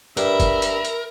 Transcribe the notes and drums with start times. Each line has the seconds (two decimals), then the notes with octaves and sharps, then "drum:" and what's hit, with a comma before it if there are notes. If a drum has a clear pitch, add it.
0.17 G2 A#4 E5 B5, drum: hi-hat
0.40 drum: kick, hi-hat
0.62 drum: hi-hat
0.85 drum: hi-hat